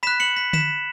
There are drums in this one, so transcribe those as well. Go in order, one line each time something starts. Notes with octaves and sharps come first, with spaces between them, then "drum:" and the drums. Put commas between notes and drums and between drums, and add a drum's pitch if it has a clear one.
B5 F#6 B6 E7
C#7 F#7
B6
B6 E7, drum: tom D3